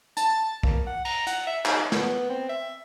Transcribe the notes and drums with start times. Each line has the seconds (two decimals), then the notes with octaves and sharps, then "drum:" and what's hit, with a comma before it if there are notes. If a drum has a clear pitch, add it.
0.17 A5, drum: hi-hat
0.63 A#3, drum: kick
0.87 F#5
1.05 A#5, drum: cymbal
1.27 F#5, drum: hi-hat
1.47 E5
1.65 D#4, drum: clap
1.92 B3, drum: snare
2.30 C4
2.49 E5